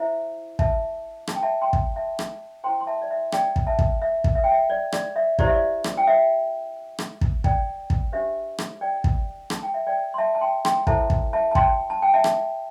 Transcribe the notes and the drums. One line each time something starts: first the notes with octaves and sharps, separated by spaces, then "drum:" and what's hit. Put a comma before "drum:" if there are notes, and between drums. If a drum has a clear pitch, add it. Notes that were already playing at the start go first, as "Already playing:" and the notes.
Already playing: E4 C5 E5
E5 A5, drum: kick
A5, drum: rim click
G5
E5 A5
G5 C6
drum: kick
E5 A5
drum: rim click
E4 C5 G5 C6
C6
E5 A5
D5
E5
D5 G5, drum: rim click
drum: kick
E5 A5
drum: kick
E5
drum: kick
E5
G5
E5
D5
D5, drum: rim click
E5
E4 G4 C5 D5, drum: kick
E5
D5
drum: rim click
G5
E5
drum: rim click
drum: kick
D5 G5, drum: kick
drum: kick
D4 G4 C5 E5
drum: rim click
D5 G5
drum: kick
A5, drum: rim click
G5
E5
D5 G5
C6
E5 A5
A5
G5 C6
G5 C6, drum: rim click
E4 A4 C5 E5 A5, drum: kick
drum: kick
E5 A5
A5
G5 C6, drum: kick
A5
G5
E5 A5
drum: rim click